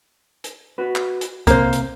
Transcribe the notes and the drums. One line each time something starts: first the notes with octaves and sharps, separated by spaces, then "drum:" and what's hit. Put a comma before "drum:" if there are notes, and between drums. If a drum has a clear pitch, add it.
drum: hi-hat
F#4 B4
drum: clap
drum: hi-hat
C3 A#3 C5, drum: kick C2, hi-hat
drum: hi-hat